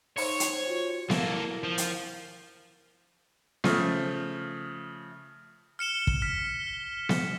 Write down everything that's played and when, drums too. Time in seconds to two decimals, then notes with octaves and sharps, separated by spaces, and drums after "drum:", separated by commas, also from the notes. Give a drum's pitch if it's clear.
0.17 D#4 C5 C#5 C6, drum: open hi-hat
0.40 drum: hi-hat
0.67 F4 F#4
1.10 A#3 E4 A4 A#4 F5, drum: snare B3
1.63 F3
1.78 drum: hi-hat
3.64 C#3 F3 A3, drum: snare B3
5.79 F6 C#7 E7 G7
6.07 drum: kick
6.22 F6 B6
7.09 drum: snare B3